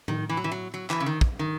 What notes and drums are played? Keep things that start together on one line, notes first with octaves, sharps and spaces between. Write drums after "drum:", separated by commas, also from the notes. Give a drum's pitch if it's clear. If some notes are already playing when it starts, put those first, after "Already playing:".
D#3, drum: tom A2
E3
F#3
E3
F#3
F#3
E3, drum: clap
C#3
D#3
drum: kick
D#3